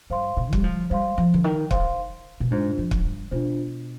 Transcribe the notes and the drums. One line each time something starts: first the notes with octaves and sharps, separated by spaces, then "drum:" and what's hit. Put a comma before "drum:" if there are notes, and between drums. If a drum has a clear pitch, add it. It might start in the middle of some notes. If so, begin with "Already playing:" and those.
G2 C5 F5 C6
B2
G3, drum: kick
F3
G3 C5 F5 C6
F3
D3
D#3
C5 F5 C6, drum: kick
B2
G#2 D4 F4 C5
F2
drum: kick
G2
B2 D4 F4 C5